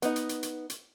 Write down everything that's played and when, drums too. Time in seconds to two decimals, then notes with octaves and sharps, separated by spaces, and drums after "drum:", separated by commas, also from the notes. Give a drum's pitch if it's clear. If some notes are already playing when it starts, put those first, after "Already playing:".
0.02 B3 D#4, drum: hi-hat
0.16 drum: hi-hat
0.29 drum: hi-hat
0.43 drum: hi-hat
0.70 drum: hi-hat